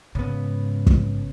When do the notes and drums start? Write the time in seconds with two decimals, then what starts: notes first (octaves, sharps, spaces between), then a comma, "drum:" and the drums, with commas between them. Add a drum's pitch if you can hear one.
0.15 G#2 C#3 B3
0.87 drum: kick